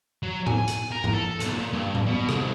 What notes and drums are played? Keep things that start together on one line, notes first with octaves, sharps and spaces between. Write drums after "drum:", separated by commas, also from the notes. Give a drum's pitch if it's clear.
F#3
G#5, drum: tom A2
drum: hi-hat
A#4
drum: tom G#2
A4
B1, drum: hi-hat
A#2
G2
drum: tom A2
B2
C2, drum: rim click